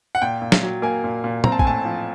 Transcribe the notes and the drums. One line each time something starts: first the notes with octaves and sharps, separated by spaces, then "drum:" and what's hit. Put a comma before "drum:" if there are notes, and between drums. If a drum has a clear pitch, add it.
F#5
A#2 G5
A#2
drum: snare
F#3
A#3 G#5
A#2
A#2
C4 A#5, drum: tom
A5
G#5, drum: kick
A2 A5
F3